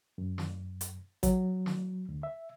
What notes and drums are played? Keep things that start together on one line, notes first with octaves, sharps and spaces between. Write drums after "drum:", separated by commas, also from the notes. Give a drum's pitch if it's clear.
F#2
drum: snare
drum: hi-hat
F#3, drum: kick A1, hi-hat
drum: snare
D2
E5